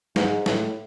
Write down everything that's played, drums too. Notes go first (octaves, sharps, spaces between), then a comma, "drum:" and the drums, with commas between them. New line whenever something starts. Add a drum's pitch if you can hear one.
G#2, drum: snare
A2, drum: snare